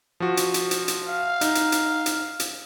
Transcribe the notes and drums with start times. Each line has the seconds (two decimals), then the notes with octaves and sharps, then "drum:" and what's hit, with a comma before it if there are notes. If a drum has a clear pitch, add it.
0.20 F3 F#4
0.37 drum: hi-hat
0.54 drum: hi-hat
0.71 drum: hi-hat
0.88 drum: hi-hat
1.08 F5
1.41 D#4, drum: hi-hat
1.55 drum: hi-hat
1.72 drum: hi-hat
2.06 drum: hi-hat
2.40 drum: hi-hat